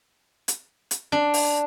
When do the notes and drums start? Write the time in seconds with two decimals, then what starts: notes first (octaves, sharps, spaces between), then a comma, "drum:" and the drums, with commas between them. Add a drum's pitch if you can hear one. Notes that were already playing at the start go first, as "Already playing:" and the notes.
0.48 drum: hi-hat
0.91 drum: hi-hat
1.12 D4
1.34 drum: open hi-hat